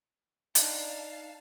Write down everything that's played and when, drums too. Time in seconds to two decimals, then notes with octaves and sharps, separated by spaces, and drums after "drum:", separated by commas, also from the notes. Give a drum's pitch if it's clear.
0.55 D4 D#4 F5 A5, drum: hi-hat